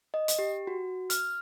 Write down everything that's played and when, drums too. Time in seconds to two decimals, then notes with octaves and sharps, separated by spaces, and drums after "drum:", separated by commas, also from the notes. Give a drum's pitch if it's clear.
0.14 D#5
0.28 drum: hi-hat
0.39 G4
0.67 F#4
1.10 F6, drum: hi-hat